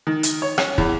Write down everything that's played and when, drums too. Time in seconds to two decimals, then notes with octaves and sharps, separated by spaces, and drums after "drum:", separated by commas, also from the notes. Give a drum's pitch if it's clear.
0.07 D#3
0.23 drum: hi-hat
0.42 C#5
0.58 C#4, drum: rim click
0.78 E2, drum: kick